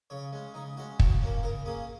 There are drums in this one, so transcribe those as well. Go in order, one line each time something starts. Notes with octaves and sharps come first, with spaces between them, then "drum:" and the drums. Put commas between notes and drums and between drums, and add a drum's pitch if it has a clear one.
C#3 C#5
G#3 C#4
C#3 D#4
G#3 C#4 F#4
C#3 F#4, drum: kick
A#3 C#4
C#3 A#4
A#3 C#4 G#4